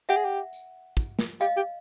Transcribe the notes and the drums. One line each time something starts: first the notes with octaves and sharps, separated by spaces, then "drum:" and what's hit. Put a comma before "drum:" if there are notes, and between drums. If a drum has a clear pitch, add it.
G4 E5 F#5, drum: tambourine
G#4
G4
drum: tambourine
drum: kick, tambourine
drum: snare
G4 D#5 F5, drum: tambourine
G4